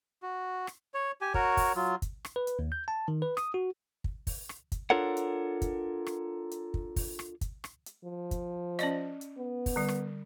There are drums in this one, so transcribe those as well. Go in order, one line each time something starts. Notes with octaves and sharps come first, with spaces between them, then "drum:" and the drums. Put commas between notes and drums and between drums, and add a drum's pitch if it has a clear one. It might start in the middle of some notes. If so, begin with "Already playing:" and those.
F#4
drum: rim click
C#5
G4 G#5
F#4 A#4 C#5, drum: kick
drum: kick, open hi-hat
F#3 F4
drum: kick, hi-hat
drum: rim click
B4
drum: hi-hat
D#2
G6
A5
D#3
B4
D#6, drum: rim click
F#4
drum: kick
drum: kick, open hi-hat
drum: rim click
drum: kick, hi-hat
D4 F4 A4 A#4 C#5 F#5
drum: hi-hat
drum: kick, hi-hat
drum: rim click
drum: hi-hat
drum: kick
drum: kick, open hi-hat
drum: rim click
drum: kick, hi-hat
drum: rim click
drum: hi-hat
F3
drum: kick, hi-hat
C#4 D5 D#5, drum: rim click
drum: hi-hat
B3
drum: kick, open hi-hat
D3 G3
drum: rim click